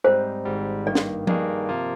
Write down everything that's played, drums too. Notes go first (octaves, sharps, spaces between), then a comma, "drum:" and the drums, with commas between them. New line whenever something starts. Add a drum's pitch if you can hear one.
G#2 G3 C4 D#4 C5
G#1 G#2 G3
G2 D#3 A#3 D5
drum: snare
G2 D#3 A#3 D4 G#4, drum: tom F3
C3 F3 A#3 F4